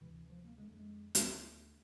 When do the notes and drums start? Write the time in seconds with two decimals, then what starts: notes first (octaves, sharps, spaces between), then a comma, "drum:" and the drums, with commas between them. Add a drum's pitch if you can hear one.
0.01 D2 C3 E3
0.30 F3
0.44 A#3
0.58 F2 D3 G#3
0.68 A3
0.78 G#3
1.15 D2 D3 A3, drum: hi-hat